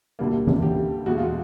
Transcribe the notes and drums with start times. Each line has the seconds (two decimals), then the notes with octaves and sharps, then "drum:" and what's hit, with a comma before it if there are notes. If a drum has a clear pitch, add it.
0.19 D2 D3 G3 A#3
0.47 drum: tom E3
0.62 G4
1.06 E2 B2 G#3 F#4
1.18 F4